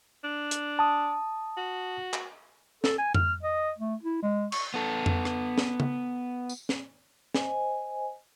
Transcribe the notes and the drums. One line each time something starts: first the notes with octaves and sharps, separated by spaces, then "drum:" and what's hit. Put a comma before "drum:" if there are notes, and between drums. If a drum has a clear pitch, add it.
D4
drum: hi-hat
A5 D#6
F#4
drum: clap
A4, drum: snare
G#5
F6, drum: tom F2
D#5
A3
E4
G#3
C#6, drum: cymbal
B3 A4
drum: tom F2
drum: rim click
drum: snare
drum: tom C#3
drum: tambourine
drum: snare
C5 D#5 G#5, drum: snare